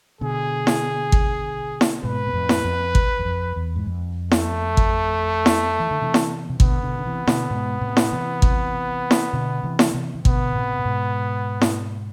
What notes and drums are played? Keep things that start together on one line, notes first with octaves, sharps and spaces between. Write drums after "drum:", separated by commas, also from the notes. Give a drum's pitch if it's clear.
B2 D3 G#4
drum: snare E4
drum: kick
drum: snare E4
G#2 B2 B4
B2
F2 A2
drum: snare E4
F2
drum: kick
E2
F2
E2
G#2
F2
A3, drum: snare E4
drum: kick
drum: snare E4
E3
D3
C3 E3
drum: snare E4
C3
B2 D3 B3, drum: kick
B2 D3
D3
C3 E3
B2 D3, drum: snare E4
G#2 B2
A2 C3
drum: snare E4
C3 E3
drum: kick
drum: snare E4
B2 D3
C3 E3
drum: snare E4
C3 E3
E3
B2 D3 B3, drum: kick
A2 C3
A2
G#2 B2
drum: snare E4